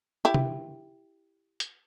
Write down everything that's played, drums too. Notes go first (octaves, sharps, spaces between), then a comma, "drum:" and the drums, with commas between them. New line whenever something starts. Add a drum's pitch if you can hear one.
E4 G4
drum: tom
drum: hi-hat